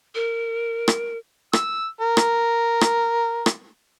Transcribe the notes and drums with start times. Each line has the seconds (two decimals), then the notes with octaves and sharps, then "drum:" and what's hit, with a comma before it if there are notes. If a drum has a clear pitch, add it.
0.15 A#4
0.88 drum: rim click
1.53 E6, drum: rim click
2.01 A#4
2.17 drum: rim click
2.81 drum: rim click
3.46 drum: rim click